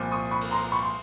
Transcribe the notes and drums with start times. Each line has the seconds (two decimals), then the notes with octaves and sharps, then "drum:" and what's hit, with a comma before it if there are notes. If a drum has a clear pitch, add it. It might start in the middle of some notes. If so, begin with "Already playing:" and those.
Already playing: C2 A#2 F3
0.12 C#6 D#6
0.31 B5 C#6
0.41 drum: cymbal
0.51 A#5 C6
0.72 B5 C#6
0.83 C6